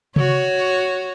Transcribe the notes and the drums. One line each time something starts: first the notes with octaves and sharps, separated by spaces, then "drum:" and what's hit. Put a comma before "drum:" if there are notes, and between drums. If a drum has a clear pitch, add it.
F#4 C#5, drum: tom C3